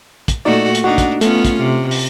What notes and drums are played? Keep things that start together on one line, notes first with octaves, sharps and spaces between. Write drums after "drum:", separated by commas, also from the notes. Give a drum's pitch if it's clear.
drum: kick, hi-hat
A#2 A3 D#4 F#4 D5
drum: hi-hat
D4 D#4 F#4 F#5
drum: kick, hi-hat
A3 B3 C#4 F4, drum: hi-hat
drum: kick, hi-hat
C3
drum: open hi-hat